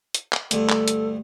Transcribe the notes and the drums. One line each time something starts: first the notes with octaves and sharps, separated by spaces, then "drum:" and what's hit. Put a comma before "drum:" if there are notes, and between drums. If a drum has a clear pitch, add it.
drum: hi-hat
drum: clap
D2 G2 A4, drum: hi-hat
drum: clap
drum: hi-hat